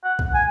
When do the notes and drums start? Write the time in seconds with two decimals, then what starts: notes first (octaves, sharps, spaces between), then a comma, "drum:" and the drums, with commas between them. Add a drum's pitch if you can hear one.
0.04 F#5
0.19 drum: kick
0.34 G#5